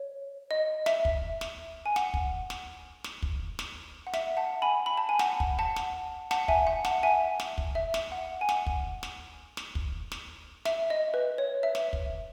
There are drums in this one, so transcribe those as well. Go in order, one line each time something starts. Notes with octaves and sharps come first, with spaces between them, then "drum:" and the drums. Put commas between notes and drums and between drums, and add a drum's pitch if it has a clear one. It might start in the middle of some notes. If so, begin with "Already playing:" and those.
Already playing: C#5
D#5
E5, drum: snare
drum: kick
drum: snare
G#5
F#5, drum: snare
drum: kick
drum: snare
drum: snare
drum: kick
drum: snare
F#5
E5, drum: snare
F#5 A5
G#5 B5
B5
A5
G#5
F#5 A5, drum: snare
drum: kick
F#5 A5
drum: snare
F#5 A5, drum: snare
E5 G#5, drum: kick
F#5
F#5 A5, drum: snare
E5 G#5
drum: snare
drum: kick
E5
drum: snare
F#5
G#5
F#5, drum: snare
drum: kick
drum: snare
drum: snare
drum: kick
drum: snare
E5, drum: snare
D#5
B4
C#5
E5
drum: snare
drum: kick